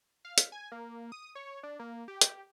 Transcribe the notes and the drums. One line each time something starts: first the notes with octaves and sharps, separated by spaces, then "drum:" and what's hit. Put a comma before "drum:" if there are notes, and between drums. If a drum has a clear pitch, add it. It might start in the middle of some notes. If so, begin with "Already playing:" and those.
F5
drum: hi-hat
G#5
A#3
D#6
C#5
D4
A#3
G4
G4, drum: hi-hat